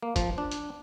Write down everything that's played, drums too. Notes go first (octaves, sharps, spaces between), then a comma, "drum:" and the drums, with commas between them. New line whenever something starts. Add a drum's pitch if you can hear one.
A#3
F3, drum: kick, hi-hat
D4
drum: hi-hat